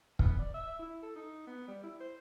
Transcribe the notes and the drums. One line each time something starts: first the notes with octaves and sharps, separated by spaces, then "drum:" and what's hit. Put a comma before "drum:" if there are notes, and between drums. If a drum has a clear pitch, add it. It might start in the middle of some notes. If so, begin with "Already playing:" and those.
B3, drum: kick
D5
E5
E4
A4
D#4
B3
G3
E4
C5